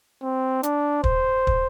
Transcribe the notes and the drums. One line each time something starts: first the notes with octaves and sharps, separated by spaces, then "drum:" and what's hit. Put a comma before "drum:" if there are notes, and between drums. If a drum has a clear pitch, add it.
C4
D4, drum: hi-hat
C5, drum: kick
drum: kick